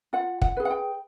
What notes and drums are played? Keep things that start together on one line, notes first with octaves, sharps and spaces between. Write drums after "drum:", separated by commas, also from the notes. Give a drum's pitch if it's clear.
F4 F#5
F#5, drum: kick
G#4 B4
F#5
G5